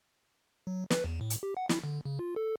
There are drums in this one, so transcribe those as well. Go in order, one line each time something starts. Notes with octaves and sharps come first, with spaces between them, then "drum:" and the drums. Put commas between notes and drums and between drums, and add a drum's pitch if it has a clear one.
F#3
B4, drum: snare
E2
A2
drum: hi-hat
G4
F#5
E4, drum: snare
D3
C#3
F4
A4